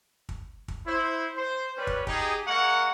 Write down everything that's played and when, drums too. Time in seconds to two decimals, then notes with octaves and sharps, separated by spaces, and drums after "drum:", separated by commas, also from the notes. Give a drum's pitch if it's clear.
0.29 drum: kick
0.68 drum: kick
0.86 E4 C5
1.36 C5
1.77 G3 C#4 B4
1.87 drum: kick
2.07 D#4 G4 G#4, drum: kick
2.47 G#3 A#3 A#4 F#5 C#6